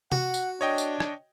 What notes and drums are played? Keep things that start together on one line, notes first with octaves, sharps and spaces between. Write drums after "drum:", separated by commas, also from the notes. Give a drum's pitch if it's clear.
F#4 F#5, drum: tom C3
drum: tambourine
D4 C#5 D#5 G5
drum: tambourine
drum: rim click